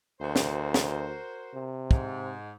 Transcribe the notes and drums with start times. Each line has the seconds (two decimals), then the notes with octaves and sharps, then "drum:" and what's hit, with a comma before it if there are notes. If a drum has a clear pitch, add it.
0.20 D2 F#4 A#4 C5
0.36 drum: snare
0.74 drum: snare
1.54 C3
1.91 G#2, drum: kick